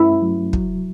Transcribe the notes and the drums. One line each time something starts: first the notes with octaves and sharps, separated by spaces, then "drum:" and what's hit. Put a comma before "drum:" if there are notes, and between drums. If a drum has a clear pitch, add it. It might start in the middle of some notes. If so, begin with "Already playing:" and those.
Already playing: G2 A3 C#4 E4
F#3
F#3, drum: kick